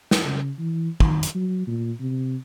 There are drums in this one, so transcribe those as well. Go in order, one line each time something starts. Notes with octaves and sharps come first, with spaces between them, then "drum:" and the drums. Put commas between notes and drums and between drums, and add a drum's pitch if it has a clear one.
drum: snare
C#3
E3
D#3, drum: kick
drum: hi-hat
F#3
A#2
C3